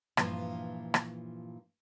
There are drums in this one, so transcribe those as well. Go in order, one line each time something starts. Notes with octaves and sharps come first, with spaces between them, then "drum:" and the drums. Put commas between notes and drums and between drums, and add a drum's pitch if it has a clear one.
G2 A#2 E3 F3 D4 F4, drum: rim click
drum: rim click